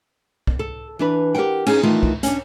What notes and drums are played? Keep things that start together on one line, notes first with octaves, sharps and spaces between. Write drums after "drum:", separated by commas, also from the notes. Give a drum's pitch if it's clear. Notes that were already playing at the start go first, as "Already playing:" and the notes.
drum: kick
A4
E3 D4 B4
G4 A#4 C5 F#5 G5
C#4 D#4 G#4, drum: cymbal
D#3 E3 A3 B3 D#4 F4
drum: kick
C#4 D4, drum: hi-hat